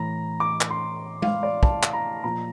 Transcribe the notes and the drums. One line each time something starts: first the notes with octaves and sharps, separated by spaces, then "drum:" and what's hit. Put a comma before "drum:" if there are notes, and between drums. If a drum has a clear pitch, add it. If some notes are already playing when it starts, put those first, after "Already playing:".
Already playing: A2 E3 A#5
D6
drum: clap
C6
F5, drum: tom G#3
D5
A5, drum: kick
drum: clap
A#5
A#2 F3 A#5